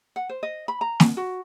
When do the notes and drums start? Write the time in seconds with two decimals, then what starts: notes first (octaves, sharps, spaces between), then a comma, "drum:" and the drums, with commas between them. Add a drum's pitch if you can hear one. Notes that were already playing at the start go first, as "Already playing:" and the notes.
0.16 F#5
0.29 C5
0.43 D#5
0.68 B5
0.81 A#5
1.00 drum: snare
1.17 F#4